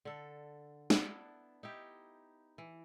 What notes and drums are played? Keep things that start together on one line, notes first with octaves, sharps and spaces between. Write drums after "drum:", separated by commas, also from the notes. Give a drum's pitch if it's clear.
D3 A4
B3 D4 E4 A4, drum: snare
D#4 E4 G4
E3